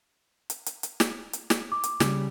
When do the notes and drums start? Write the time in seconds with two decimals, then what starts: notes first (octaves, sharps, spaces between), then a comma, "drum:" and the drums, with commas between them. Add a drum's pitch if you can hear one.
0.50 drum: hi-hat
0.66 drum: hi-hat
0.83 drum: hi-hat
1.00 drum: snare
1.33 drum: hi-hat
1.50 drum: snare
1.72 D6
1.84 drum: hi-hat
2.00 C#3 G3, drum: snare